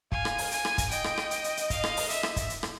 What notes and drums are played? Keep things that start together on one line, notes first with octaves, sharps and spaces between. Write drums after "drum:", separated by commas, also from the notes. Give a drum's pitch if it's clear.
F5 G#5, drum: kick
drum: rim click
drum: open hi-hat
G#5, drum: hi-hat
drum: rim click
drum: kick, hi-hat
D#5 G5, drum: hi-hat
drum: rim click
drum: rim click
drum: hi-hat
drum: hi-hat
drum: hi-hat
F5, drum: kick, hi-hat
drum: rim click
drum: open hi-hat
E5, drum: hi-hat
drum: rim click
drum: kick, hi-hat
drum: hi-hat
drum: rim click